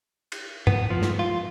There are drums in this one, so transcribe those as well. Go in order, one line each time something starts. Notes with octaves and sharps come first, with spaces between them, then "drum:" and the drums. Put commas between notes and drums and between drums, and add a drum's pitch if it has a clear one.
drum: cymbal
B3, drum: tom G2
F3
drum: snare
F4